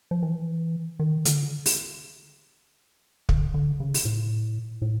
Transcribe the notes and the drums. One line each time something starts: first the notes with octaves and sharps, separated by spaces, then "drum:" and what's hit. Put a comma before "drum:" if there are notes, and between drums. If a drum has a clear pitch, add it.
F3
E3
D#3
D3, drum: hi-hat
drum: open hi-hat
D3, drum: kick
D3
C#3
drum: open hi-hat
A2
A2